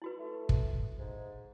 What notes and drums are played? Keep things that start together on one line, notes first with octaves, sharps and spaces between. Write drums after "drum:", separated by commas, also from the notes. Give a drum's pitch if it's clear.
E4 F#4 B4
A3
drum: kick
G#2